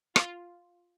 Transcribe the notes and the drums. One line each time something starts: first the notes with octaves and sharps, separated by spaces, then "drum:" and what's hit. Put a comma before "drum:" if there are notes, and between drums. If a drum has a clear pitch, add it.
F4, drum: rim click